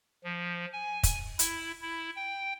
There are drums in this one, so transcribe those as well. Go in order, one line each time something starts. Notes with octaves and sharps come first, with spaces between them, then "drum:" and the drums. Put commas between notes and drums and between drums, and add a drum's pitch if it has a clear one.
F3
G#5
drum: kick, hi-hat
E4, drum: hi-hat
E4
G5